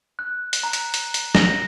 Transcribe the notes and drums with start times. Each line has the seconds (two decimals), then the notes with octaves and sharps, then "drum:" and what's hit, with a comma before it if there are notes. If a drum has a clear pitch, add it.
0.19 F#6
0.53 drum: hi-hat
0.63 A#5
0.73 drum: hi-hat
0.94 drum: hi-hat
1.14 drum: hi-hat
1.35 A#6, drum: snare